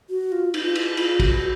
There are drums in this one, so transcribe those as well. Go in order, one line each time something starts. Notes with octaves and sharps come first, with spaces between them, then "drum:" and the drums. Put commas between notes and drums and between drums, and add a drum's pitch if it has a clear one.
F#4
F4
D#4, drum: cymbal
F4
E4, drum: cymbal
F4, drum: cymbal
F#4, drum: kick, cymbal